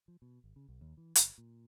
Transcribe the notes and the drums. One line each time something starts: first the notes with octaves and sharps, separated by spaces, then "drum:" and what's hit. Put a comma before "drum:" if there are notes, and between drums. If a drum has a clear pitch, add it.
F3
B2
G#1
C#3
B1
D#2
E3
G1, drum: hi-hat
A#2